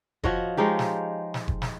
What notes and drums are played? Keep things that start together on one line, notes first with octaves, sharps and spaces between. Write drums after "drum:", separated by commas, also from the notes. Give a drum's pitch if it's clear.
F3 F#4 C#5 D#5, drum: kick F1
F3 G#3 D#4 G4
drum: snare
drum: snare
drum: kick F1
drum: snare